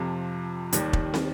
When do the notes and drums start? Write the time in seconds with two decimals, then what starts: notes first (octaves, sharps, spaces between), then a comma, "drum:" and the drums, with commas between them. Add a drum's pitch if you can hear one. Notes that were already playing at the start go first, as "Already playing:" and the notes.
Already playing: F2 C3 F3
0.73 D#2 D#3 G3, drum: hi-hat
0.93 drum: kick
1.14 drum: snare